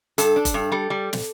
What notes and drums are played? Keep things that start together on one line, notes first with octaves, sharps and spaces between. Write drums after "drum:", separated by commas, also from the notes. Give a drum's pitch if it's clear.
G2 A4, drum: hi-hat
D4
drum: kick F1, hi-hat
G2
G3 A4
G3
drum: snare